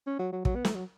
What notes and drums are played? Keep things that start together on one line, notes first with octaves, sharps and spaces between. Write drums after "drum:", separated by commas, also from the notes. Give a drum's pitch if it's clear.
C#4
F#3
F#3
F#3, drum: kick
B3
A3, drum: snare
F#3